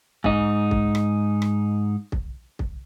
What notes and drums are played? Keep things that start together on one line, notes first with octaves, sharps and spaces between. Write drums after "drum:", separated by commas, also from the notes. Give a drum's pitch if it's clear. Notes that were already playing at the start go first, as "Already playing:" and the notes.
G#2 D#4, drum: kick
drum: kick
drum: rim click
drum: rim click
drum: kick
drum: kick